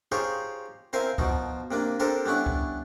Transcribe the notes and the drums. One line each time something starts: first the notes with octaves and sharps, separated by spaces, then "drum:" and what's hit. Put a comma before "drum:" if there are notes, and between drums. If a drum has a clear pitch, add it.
D#4 F4 G4 G#4 C5 C#5
C4 E4 A#4 C5 F5 G#5
B2 F3 D#4, drum: kick C#2
C3 A#3 D4
C4 D4 G4 A4 A#4 C5
G3 B3 C#4 D4 E4
drum: kick C#2